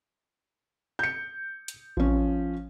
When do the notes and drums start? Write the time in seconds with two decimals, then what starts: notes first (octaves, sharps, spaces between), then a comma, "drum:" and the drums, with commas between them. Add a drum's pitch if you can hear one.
0.99 G6 C#7
1.68 drum: hi-hat
1.97 F3 C#4, drum: kick A1